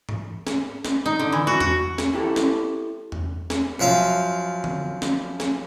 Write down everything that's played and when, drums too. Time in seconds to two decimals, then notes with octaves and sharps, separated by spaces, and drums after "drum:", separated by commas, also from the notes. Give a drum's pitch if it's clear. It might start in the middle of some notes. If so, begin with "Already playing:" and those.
0.09 drum: tom G#2
0.47 drum: snare
0.85 drum: snare
1.06 D#4
1.19 D3
1.32 E3
1.47 F#4
1.60 F#4, drum: tom E2
1.98 drum: snare
2.14 E4 G4 A4
2.36 drum: snare
3.12 drum: tom E2
3.50 drum: snare
3.80 F#2 F3 E5 F5
4.64 drum: tom D3
5.02 drum: snare
5.40 drum: snare